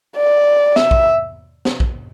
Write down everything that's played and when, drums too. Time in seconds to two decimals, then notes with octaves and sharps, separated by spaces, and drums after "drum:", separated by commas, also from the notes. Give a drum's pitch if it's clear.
0.17 D5
0.76 E5, drum: snare
0.91 drum: kick
1.65 drum: snare
1.80 drum: kick